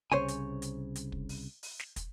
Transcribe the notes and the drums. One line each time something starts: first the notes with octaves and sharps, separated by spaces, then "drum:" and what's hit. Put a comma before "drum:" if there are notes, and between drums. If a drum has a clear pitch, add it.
C2 C#3 C5 C#5 G#5
drum: hi-hat
drum: hi-hat
drum: hi-hat
drum: kick
drum: open hi-hat
drum: open hi-hat
drum: snare
drum: kick, hi-hat